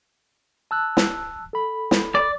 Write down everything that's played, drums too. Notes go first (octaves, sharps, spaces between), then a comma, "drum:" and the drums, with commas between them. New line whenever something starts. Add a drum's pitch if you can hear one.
A5 E6 F#6
drum: snare
A4 B5
drum: snare
D5